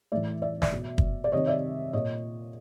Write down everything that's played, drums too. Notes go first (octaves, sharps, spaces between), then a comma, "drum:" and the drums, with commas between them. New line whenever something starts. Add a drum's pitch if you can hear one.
A2 E3 D5 E5
D5 E5
D5 E5, drum: snare
B2
drum: kick
D5
C3 D#3 C#5 D#5
D5 E5
A#2 C#5 D#5